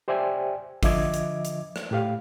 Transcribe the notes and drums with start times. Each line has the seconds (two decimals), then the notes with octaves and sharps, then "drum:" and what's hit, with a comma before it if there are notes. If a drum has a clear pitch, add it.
0.08 G4 C5 D5 E5 G5 G#5
0.83 D3 F3 D#5 E5 D6 G#6, drum: kick, open hi-hat
1.14 drum: hi-hat
1.45 drum: hi-hat
1.76 drum: rim click
1.91 A2 G4 F5